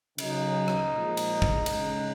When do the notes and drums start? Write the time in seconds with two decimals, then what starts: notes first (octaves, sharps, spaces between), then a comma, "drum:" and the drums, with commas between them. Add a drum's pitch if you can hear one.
0.18 C#3 F#3 D#4, drum: cymbal
0.68 drum: rim click
0.93 A#2 F3 G#3
1.17 drum: cymbal
1.42 drum: kick
1.66 C#3 G#3, drum: cymbal